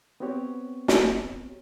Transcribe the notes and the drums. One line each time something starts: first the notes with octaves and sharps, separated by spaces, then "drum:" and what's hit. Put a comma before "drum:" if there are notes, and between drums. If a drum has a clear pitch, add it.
B3 C4 F#4 G4 C#5
drum: snare